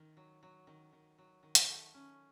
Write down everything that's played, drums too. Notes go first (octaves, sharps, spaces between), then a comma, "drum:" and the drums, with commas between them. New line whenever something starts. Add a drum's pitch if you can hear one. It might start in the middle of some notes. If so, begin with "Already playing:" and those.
Already playing: D#3
F#3
F#3
D#3
D#3
F#3
D#3
drum: hi-hat
A3
C#4